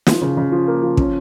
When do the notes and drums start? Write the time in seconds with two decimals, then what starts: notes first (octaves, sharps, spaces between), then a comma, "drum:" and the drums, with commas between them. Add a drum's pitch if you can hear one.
0.07 F3, drum: snare
0.22 C#3
0.37 C#3
0.52 F3
0.67 A#3
0.82 F3
0.97 C#4, drum: kick